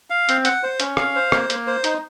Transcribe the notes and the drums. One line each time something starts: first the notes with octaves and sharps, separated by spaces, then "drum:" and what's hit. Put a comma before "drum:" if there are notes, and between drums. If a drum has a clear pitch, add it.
F5
C4, drum: hi-hat
F#5, drum: hi-hat
C5
C#4, drum: hi-hat
F5, drum: rim click
C5
A#3, drum: rim click
A#3, drum: hi-hat
C5
D#4, drum: hi-hat